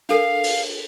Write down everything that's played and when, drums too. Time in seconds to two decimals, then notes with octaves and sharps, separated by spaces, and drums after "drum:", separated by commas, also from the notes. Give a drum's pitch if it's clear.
0.09 D4 A4 A#4 F5
0.44 drum: open hi-hat